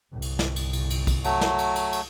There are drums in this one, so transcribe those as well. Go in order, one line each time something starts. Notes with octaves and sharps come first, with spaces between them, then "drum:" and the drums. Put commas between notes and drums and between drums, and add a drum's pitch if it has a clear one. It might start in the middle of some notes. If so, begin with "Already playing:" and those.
G1 C2
drum: cymbal
drum: snare
drum: cymbal
drum: cymbal
drum: cymbal
drum: kick, cymbal
F#3 A3, drum: cymbal
drum: snare
drum: cymbal
drum: cymbal
drum: cymbal